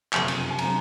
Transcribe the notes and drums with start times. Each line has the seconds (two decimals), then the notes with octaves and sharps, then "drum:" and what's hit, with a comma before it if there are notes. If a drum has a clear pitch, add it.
0.13 F#1 F2 C3 F3 G#5, drum: clap
0.28 drum: cymbal
0.50 G#5
0.59 C3 F#3 C4 A#5, drum: cymbal